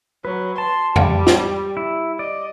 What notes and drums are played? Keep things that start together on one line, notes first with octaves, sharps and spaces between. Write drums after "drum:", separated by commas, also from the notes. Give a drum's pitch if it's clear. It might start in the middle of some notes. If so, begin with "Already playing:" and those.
F#3 B4
A5 C6
G3, drum: tom F2
drum: snare
E4
D5 D#5